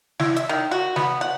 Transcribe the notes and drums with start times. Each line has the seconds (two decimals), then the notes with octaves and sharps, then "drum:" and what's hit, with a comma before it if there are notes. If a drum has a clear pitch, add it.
0.20 E4, drum: snare
0.36 E5, drum: hi-hat
0.49 D#3
0.71 F#4
0.96 B3, drum: snare
1.21 F#5